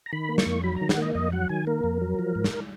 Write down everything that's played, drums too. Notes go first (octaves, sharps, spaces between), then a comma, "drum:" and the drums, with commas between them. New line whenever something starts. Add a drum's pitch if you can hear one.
A#5
D#3 B5
A#3
C#6, drum: snare
F2
F#3 B5
D#3 A#5
F#5, drum: snare
A#3 D#5
F2 D#5
F#3 F#5
D#3 G#5
A#3 A#4
F2
F#3
F3
G#2
drum: snare